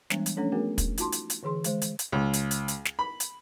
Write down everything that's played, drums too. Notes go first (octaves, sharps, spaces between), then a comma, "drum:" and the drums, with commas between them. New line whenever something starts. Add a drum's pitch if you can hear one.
E3 G3 G#3 B3 D4, drum: snare
drum: hi-hat
F3 A3 C#4 D4 A4 C#5
A3 B3 D4 F#4 G#4 A#4
drum: kick, hi-hat
D#4 F4 F#4 A5 C6, drum: hi-hat
drum: hi-hat
drum: hi-hat
D3 E3 G#4 C6
D#3 G#3 C5, drum: hi-hat
drum: hi-hat
drum: hi-hat
C#2
drum: hi-hat
drum: hi-hat
drum: hi-hat
drum: snare
B5
drum: hi-hat